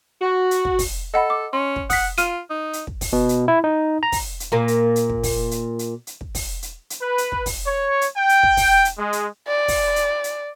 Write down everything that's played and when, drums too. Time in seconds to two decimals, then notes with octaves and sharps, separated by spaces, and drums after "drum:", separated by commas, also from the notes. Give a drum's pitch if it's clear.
0.21 F#4
0.51 drum: hi-hat
0.65 drum: kick
0.79 drum: kick, open hi-hat
1.14 A4 D#5 F#5 B5
1.30 D6
1.53 C#4 C6
1.76 drum: kick
1.90 F#5 D#6 B6, drum: kick, open hi-hat
2.18 F4 F6 D#7, drum: hi-hat
2.50 D#4
2.73 drum: hi-hat
2.87 drum: kick
3.01 drum: kick, open hi-hat
3.13 B2
3.29 drum: hi-hat
3.48 E4
3.64 D#4
4.03 A#5
4.12 drum: kick, open hi-hat
4.40 drum: hi-hat
4.52 A#2 A#3
4.68 drum: hi-hat
4.96 drum: hi-hat
5.10 drum: kick
5.23 drum: kick, open hi-hat
5.51 drum: hi-hat
5.79 drum: hi-hat
6.07 drum: hi-hat
6.21 drum: kick
6.35 drum: kick, open hi-hat
6.62 drum: hi-hat
6.90 drum: hi-hat
7.01 B4
7.18 drum: hi-hat
7.32 drum: kick
7.46 drum: kick, open hi-hat
7.66 C#5
8.01 drum: hi-hat
8.16 G5
8.29 drum: hi-hat
8.43 drum: kick
8.57 drum: kick, open hi-hat
8.85 drum: hi-hat
8.98 G#3
9.13 drum: hi-hat
9.48 D5
9.68 drum: kick, open hi-hat
9.96 drum: hi-hat
10.24 drum: hi-hat